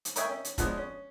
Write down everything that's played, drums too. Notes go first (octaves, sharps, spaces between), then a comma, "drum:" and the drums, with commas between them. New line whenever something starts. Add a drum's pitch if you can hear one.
drum: hi-hat
A#4 C#5 D#5 E5 G5 G#5, drum: hi-hat
C#4
drum: hi-hat
F3 G#3 B3 D4, drum: kick, hi-hat
C#4